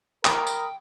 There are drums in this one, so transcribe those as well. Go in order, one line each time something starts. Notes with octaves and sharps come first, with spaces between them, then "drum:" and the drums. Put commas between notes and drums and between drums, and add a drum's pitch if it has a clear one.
A#4 G5 B5 D#6, drum: clap
drum: tambourine